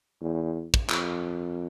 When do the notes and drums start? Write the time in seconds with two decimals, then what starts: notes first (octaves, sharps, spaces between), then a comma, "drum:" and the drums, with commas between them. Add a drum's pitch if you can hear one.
0.22 E2
0.74 drum: kick
0.90 F2, drum: clap